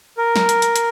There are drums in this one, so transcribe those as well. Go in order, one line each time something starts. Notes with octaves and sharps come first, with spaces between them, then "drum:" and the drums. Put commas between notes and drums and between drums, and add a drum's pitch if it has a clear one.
A#4
drum: snare
drum: hi-hat
drum: hi-hat
drum: hi-hat